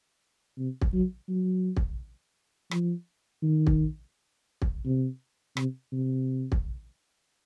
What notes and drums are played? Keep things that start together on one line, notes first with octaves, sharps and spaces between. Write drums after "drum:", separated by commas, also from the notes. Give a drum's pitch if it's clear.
C3
drum: kick
F#3
F#3
drum: kick
F3, drum: rim click
D#3
drum: kick
drum: kick
C3
C3, drum: rim click
C3
drum: kick